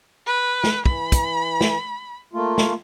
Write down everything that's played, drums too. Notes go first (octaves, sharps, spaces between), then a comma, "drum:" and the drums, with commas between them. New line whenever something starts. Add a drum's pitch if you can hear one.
B4
drum: snare
E3 B5, drum: kick
drum: kick, hi-hat
drum: snare
A3 A#3 F4
drum: snare